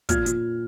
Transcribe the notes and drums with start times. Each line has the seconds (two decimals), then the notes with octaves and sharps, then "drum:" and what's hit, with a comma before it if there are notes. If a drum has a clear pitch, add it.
0.09 A#2 F6 G#6, drum: kick, hi-hat
0.26 A#2, drum: hi-hat